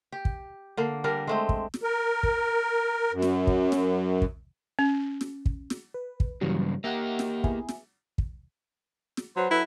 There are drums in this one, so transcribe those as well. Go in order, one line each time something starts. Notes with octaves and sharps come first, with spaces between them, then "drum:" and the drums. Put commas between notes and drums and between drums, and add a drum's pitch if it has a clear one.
G4
drum: kick
D3 A#3
G3 D4 A#4
G#3 A3 C4
drum: kick
drum: snare
A#4
drum: kick
F#2
drum: snare
drum: kick
drum: snare
drum: kick
C#4
drum: snare
drum: kick
drum: snare
B4
drum: kick
G2 C#3 E3 F#3 G3
A#3 G4 E5 F#5
drum: snare
B3 E4 G#4, drum: kick
drum: snare
drum: kick
drum: snare
F#3 B4 C5
F#3 E4 A4 B4